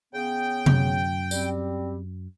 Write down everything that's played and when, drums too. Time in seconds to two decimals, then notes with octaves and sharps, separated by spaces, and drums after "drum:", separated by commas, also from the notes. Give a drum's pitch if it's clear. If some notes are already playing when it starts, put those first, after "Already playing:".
0.14 C#3 B3 G5
0.66 F#2, drum: tom C3
1.31 G3 C4, drum: tambourine